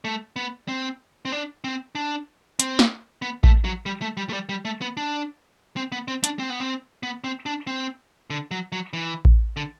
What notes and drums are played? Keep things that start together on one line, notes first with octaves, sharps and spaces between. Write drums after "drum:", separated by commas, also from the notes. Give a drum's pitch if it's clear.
A3
B3
C4
C4
D4
C4
D4
C4, drum: hi-hat
drum: snare
B3
A3, drum: kick A1
F#3
G3
A3
G3
A3
G3
G3
A3
B3
D4
C4
B3
C4
D4, drum: hi-hat
C4
B3
C4
B3
C4
D4
C4
D3
F#3
F#3
E3
drum: kick A1
D3